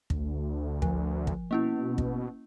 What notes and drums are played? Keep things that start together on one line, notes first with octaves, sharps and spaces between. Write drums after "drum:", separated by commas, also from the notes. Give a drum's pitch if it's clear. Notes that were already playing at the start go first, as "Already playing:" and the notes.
D2, drum: kick
F3, drum: kick
drum: kick
B2 A#3 C#4 E4
drum: kick